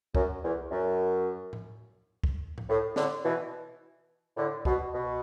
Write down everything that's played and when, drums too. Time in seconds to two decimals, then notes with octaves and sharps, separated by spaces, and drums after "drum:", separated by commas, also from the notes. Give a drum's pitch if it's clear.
0.15 F#2, drum: kick C2
0.43 E2
0.71 F#2
1.53 drum: tom A2
2.24 drum: kick C2
2.58 drum: tom A2
2.68 A2
2.96 A2 D3, drum: snare
3.24 B2 E3
4.37 A2 D3
4.65 B2, drum: kick C2
4.93 B2